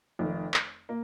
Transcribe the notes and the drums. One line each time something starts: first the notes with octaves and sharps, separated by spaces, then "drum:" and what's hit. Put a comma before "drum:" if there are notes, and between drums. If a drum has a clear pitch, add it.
F1 F2 D#3
drum: clap
A#3